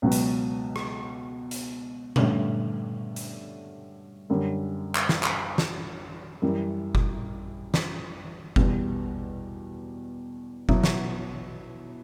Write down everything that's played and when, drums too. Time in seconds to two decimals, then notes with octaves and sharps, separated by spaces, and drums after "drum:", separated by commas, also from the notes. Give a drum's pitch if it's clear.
0.02 C#2 B2 F#3 B3 F#4
0.12 drum: hi-hat
0.76 drum: rim click
1.51 drum: hi-hat
2.16 G2 D3 A3 C#4 G4, drum: tom A#2
3.16 drum: hi-hat
4.30 F#2 D3 G3 C#4
4.95 drum: clap
5.09 drum: snare
5.23 drum: clap
5.58 drum: snare
6.42 F#2 E3 G3
6.95 drum: kick F#1
7.74 drum: snare
8.56 E2 B2 G3, drum: kick F#1
10.69 B2 F#3 B3 E4, drum: kick F#1
10.84 drum: snare